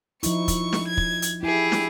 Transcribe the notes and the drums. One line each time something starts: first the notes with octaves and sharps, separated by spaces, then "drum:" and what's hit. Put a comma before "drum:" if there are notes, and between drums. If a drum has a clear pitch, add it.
F3 D#4 E4 C#6, drum: hi-hat
drum: kick, hi-hat
drum: snare
G#6
drum: kick
drum: hi-hat
E4 G4 G#4
drum: snare